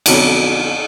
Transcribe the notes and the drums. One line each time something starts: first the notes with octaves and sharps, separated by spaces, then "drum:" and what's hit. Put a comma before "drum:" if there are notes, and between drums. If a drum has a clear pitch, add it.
F2 B2 D3 F#3, drum: cymbal